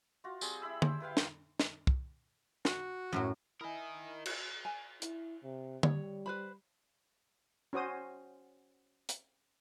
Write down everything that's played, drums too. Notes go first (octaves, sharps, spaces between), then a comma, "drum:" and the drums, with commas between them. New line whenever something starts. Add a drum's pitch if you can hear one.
F4 F#4
G3 C4 G#4, drum: tambourine
E4 E5 B5 E6
C5, drum: tom D3
E4 B4 F5 G5
A#3 C4 F4, drum: snare
drum: snare
drum: kick
F#4, drum: snare
F#2 A2 F#3
E4 A#4 D#5 G#5 D#6
drum: cymbal
G#5
E4, drum: hi-hat
C3
G3 C#5, drum: tom D3
B4 C5 B5
C#4 F#4 C5 D#6
drum: hi-hat